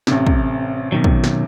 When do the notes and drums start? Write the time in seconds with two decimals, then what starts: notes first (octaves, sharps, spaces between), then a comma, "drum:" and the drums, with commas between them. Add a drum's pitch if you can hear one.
0.07 A1 C3, drum: snare
0.27 drum: kick
0.92 B2 D#3 F#3
1.04 drum: kick
1.24 drum: snare